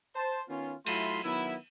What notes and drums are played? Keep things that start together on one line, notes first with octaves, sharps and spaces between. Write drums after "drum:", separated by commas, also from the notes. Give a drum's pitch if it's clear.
C5 A5
D#3 B3 C#4 F4
F#3 A3 E4 F4 B5 C6, drum: cymbal
D#3 F#3 B3 E4